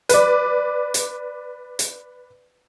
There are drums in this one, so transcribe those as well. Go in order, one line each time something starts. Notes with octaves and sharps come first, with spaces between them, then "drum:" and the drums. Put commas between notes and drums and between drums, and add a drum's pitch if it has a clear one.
B4 D5, drum: hi-hat
drum: hi-hat
drum: hi-hat